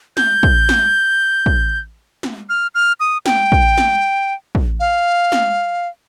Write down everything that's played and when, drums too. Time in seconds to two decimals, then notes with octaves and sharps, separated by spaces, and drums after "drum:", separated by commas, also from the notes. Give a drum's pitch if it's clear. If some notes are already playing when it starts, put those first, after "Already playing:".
0.17 G6, drum: snare
0.43 drum: kick
0.69 drum: snare
1.46 drum: kick
2.23 drum: snare
2.49 F6
2.75 F6
3.00 D#6
3.26 G5, drum: snare
3.52 drum: kick
3.78 drum: snare
4.55 drum: kick
4.80 F5
5.32 drum: snare